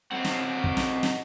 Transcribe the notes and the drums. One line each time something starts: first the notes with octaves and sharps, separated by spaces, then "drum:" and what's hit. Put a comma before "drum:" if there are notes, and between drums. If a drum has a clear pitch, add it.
F#3 C4 D#5 F#5
drum: snare
drum: kick
drum: snare
drum: snare